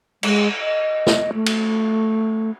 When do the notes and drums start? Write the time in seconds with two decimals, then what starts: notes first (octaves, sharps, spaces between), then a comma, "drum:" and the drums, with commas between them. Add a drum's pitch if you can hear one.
0.23 G#3, drum: cymbal
0.60 D#5
1.07 drum: snare
1.34 A3
1.46 drum: cymbal